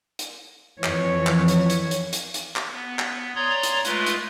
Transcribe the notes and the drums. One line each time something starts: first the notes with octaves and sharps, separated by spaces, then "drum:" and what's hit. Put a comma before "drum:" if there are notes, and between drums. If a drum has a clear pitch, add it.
drum: hi-hat
F2 E3 C#5, drum: clap
drum: clap
drum: hi-hat
drum: hi-hat
drum: hi-hat
drum: hi-hat
drum: hi-hat
drum: clap
B3
drum: clap
C#5 D5 A#5 C6 D#6 G#6
drum: hi-hat
G#3 A3 F4 B4 C6, drum: hi-hat
drum: hi-hat